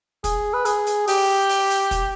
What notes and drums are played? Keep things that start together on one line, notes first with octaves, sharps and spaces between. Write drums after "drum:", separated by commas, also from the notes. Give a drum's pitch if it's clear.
G#4, drum: kick, hi-hat
B4
G#4, drum: hi-hat
drum: hi-hat
G4, drum: open hi-hat
drum: open hi-hat
drum: hi-hat
drum: kick, hi-hat